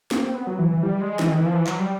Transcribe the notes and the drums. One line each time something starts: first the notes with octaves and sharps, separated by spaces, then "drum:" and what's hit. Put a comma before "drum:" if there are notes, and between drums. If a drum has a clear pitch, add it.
A#3, drum: snare
C4
B3
F#3
E3
E3
G3
G#3
E3, drum: snare
D#3
E3
F3
E3
F#3, drum: clap
G3